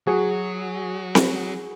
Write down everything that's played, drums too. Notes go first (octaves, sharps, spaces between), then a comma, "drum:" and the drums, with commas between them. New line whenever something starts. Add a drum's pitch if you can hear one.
F#3 F#4 G#4
drum: snare C4